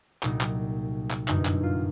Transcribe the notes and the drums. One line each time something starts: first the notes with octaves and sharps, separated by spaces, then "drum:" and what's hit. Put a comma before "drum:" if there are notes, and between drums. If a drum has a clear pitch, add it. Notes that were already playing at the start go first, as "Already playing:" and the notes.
C2 A#2 F#3 D#4, drum: clap
drum: clap
drum: clap
G1 F#2 D3 D#4, drum: clap
E4, drum: clap
F4